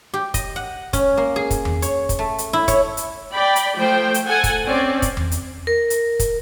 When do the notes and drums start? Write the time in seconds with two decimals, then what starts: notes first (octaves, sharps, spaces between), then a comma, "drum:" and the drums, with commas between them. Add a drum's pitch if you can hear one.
0.14 G4
0.34 D#5, drum: kick, hi-hat
0.56 F#5
0.93 C#4, drum: kick, hi-hat
1.17 A#3
1.36 G#4
1.51 drum: kick, hi-hat
1.65 drum: tom E2
1.82 C#5, drum: hi-hat
2.09 drum: kick, hi-hat
2.19 A3
2.38 drum: hi-hat
2.53 E4
2.68 C#5, drum: kick, hi-hat
2.97 drum: hi-hat
3.33 D5 G5 B5
3.56 drum: hi-hat
3.78 F3 A3 C5 G5
4.14 drum: hi-hat
4.26 A4 F#5 G#5
4.44 drum: kick, hi-hat
4.65 C4 C#4 D5
5.02 drum: kick, hi-hat
5.17 drum: tom E2
5.32 drum: hi-hat
5.67 A#4
5.90 drum: hi-hat
6.19 drum: kick, hi-hat